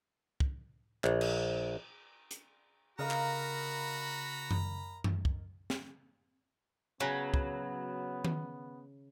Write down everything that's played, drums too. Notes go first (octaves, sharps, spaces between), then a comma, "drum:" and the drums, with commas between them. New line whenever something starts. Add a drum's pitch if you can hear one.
drum: kick
A#1, drum: clap
drum: cymbal
drum: hi-hat
C#3 F#4 A#4 D#5 F5 A#5 B5
drum: clap
drum: tom F#2
drum: tom F#2
drum: kick
drum: snare
C#3 F#3 B3
drum: kick
drum: tom D#3